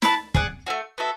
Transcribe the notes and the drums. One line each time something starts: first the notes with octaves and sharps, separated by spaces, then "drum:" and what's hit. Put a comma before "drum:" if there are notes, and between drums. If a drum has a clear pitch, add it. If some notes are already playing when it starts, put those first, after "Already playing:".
E4 B4 E5 A5, drum: snare
G#4 D5 F#5, drum: kick
A3 C#4 F#4
B3 F#4 A4 E5